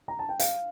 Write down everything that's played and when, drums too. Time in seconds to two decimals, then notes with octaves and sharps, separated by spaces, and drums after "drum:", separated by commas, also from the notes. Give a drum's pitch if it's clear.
0.08 A#5
0.19 A5
0.29 G5
0.39 F5, drum: hi-hat